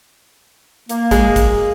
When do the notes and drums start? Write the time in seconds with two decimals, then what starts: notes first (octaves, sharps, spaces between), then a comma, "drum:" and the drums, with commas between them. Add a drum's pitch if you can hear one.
0.89 A#3, drum: hi-hat
1.11 G#3, drum: kick, hi-hat
1.36 drum: kick, hi-hat